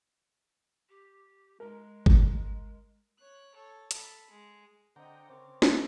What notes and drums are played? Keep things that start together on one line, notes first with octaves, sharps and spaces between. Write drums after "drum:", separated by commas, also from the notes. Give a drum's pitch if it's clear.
G4
G#3 A#4
drum: kick G#1
C#5 F#6
A4 C#5
A4 B5, drum: hi-hat
G#3
D3 C4 D#5 F#5 G5 A#5
C#3 C4 A#4 D6
drum: snare